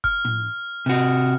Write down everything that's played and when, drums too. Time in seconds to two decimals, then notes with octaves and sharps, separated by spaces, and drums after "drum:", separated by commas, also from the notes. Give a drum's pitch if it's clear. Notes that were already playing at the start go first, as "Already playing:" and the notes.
0.04 F6, drum: kick F#1
0.25 drum: tom A2
0.86 C3 F#4